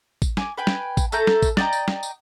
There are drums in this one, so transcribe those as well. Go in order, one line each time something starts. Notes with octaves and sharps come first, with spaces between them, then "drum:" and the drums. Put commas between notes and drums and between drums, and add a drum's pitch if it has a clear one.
drum: kick A1, tambourine
G#5 D6, drum: snare
B4 G5 G#5
drum: snare
drum: kick A1, tambourine
A3 A4 A#5 G6, drum: tambourine
drum: snare
drum: kick A1, tambourine
D5 D#5 G5 A#5, drum: snare
drum: tambourine
drum: snare
drum: tambourine